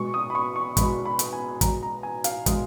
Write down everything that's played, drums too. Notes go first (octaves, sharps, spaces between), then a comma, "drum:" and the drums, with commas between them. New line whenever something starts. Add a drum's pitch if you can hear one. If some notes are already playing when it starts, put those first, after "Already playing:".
Already playing: B2 G#3 C#6
D#6
B5
C#6
C#6
B2 G#3 B5, drum: kick, hi-hat
B5
drum: hi-hat
G#5
B2 G#3 A#5, drum: kick, hi-hat
A#5
G#5
F5, drum: hi-hat
B2 G#3, drum: kick, hi-hat